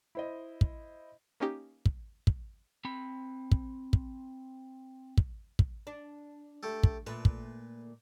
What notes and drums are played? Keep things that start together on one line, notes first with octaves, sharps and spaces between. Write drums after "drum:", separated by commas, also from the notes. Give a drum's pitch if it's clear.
E4 C5 D#5
drum: kick
A#3 C#4 D#4 G4
drum: kick
drum: kick
C4 B5
drum: kick
drum: kick
drum: kick
drum: kick
D4
A3 G4 A4
drum: kick
A#2 A3 B4
drum: kick